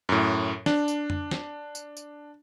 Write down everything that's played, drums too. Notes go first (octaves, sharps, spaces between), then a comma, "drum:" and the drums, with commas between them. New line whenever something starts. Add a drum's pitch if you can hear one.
F#2 A2
D4, drum: snare
drum: tambourine
drum: tom F2
drum: snare
drum: tambourine
drum: tambourine